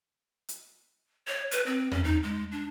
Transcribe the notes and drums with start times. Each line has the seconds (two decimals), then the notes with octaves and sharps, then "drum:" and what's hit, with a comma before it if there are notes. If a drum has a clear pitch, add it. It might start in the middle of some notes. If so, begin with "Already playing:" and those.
0.49 drum: hi-hat
1.28 C#5
1.51 B4, drum: hi-hat
1.66 C4
1.92 C#4, drum: tom E2
2.04 D#4
2.23 G#3
2.52 D4